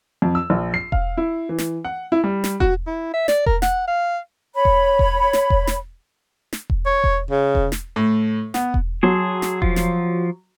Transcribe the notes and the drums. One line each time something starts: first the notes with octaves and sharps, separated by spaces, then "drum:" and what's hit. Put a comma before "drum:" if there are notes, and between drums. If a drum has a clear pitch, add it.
F2
E6
A#1
C7
F5, drum: kick E1
E4
E3
drum: snare
F#5
E4
G3
drum: snare
F#4, drum: kick E1
E4
E5
D5, drum: snare
A#4, drum: kick E1
F#5, drum: snare
F5
C#5 B5
drum: kick E1
drum: kick E1
drum: snare
drum: kick E1
drum: snare
drum: snare
drum: kick E1
C#5
drum: kick E1
C#3
drum: kick E1
drum: snare
A2
B3, drum: snare
drum: kick E1
F#3 G#4 A5 C6
drum: snare
F3 F4, drum: kick E1
drum: snare